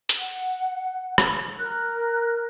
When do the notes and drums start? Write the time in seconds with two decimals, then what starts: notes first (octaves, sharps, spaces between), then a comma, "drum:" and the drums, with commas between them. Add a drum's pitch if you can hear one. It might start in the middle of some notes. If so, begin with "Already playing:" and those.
0.09 drum: hi-hat
0.20 F#5
1.18 drum: rim click
1.59 A#4 F#6